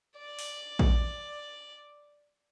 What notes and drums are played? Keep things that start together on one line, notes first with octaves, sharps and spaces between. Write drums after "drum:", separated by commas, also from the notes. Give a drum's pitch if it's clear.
D5
drum: open hi-hat
drum: kick A1